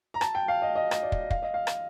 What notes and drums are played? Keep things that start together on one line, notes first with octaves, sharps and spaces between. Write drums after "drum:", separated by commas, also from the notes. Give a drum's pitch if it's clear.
A#5
A5, drum: rim click
G5
F5
D#5
D#5
D#5, drum: rim click
D5
drum: kick
F5, drum: kick
D#5
F5
drum: rim click